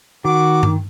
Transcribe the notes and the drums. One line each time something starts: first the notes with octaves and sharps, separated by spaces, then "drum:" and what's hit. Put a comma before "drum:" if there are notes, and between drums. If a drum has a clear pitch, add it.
D#3 F#4 D6
drum: tom G2